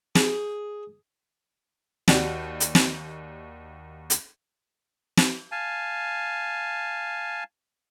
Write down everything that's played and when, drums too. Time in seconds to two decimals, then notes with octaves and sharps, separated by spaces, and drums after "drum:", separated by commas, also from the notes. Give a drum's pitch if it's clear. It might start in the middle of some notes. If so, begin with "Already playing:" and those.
0.15 G#4, drum: snare
2.08 D#2 F#4 G4 D5, drum: snare
2.60 drum: hi-hat
2.75 drum: snare
4.10 drum: hi-hat
5.17 drum: snare
5.52 F5 G#5 A5